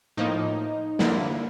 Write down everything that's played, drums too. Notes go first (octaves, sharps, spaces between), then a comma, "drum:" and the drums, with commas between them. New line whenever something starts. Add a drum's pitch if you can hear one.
A2 F3 A#3 D#4
D3 F3 A#3 E4, drum: snare